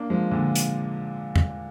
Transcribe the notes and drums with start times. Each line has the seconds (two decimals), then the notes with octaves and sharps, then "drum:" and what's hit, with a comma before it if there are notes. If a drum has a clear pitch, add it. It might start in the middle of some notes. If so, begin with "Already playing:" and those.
Already playing: A#3 D4
0.10 F3 G#3
0.31 A#2 D3
0.56 drum: hi-hat
1.36 drum: tom E2